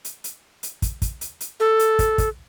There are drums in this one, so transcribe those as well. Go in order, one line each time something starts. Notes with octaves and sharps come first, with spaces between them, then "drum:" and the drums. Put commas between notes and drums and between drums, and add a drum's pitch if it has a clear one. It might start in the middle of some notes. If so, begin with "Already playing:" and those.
drum: hi-hat
drum: hi-hat
drum: hi-hat
drum: kick, hi-hat
drum: kick, hi-hat
drum: hi-hat
drum: hi-hat
A4
drum: hi-hat
drum: kick, hi-hat
drum: kick, hi-hat